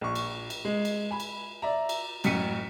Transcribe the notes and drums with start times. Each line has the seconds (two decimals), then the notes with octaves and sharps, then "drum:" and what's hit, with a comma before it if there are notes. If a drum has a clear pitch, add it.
0.01 A#1 C#6
0.15 drum: cymbal
0.50 drum: cymbal
0.65 G#3
0.85 drum: cymbal
1.11 G#5 B5
1.20 drum: cymbal
1.62 D5 E5 A#5
1.89 drum: cymbal
2.24 A1 F#2 B6 C#7 D#7, drum: cymbal